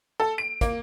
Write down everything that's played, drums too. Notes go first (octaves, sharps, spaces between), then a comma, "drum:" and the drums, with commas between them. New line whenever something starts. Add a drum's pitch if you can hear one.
A4
D7
A#3, drum: kick, hi-hat